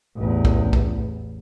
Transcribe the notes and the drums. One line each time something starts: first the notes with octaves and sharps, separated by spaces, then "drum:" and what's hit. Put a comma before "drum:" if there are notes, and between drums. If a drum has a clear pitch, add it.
A1 E2
drum: kick
drum: kick